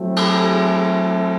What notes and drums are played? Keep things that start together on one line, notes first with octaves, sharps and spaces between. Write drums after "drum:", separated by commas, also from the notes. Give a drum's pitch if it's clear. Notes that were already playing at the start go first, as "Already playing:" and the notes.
Already playing: F#3 A3 C4 E4
G4 A4, drum: cymbal
F#4 G#4